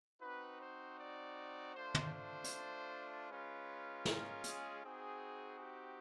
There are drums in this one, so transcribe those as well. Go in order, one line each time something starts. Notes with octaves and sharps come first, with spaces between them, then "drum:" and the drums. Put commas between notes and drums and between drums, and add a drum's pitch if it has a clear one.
C4 D#4 F#4 B4
C5
D5
A3 D4 F4 C5
drum: tom
C5
drum: hi-hat
G#3 C#4 F4 B4
A#4, drum: snare
G#4, drum: hi-hat
C4 D#4 F#4 G#4
G4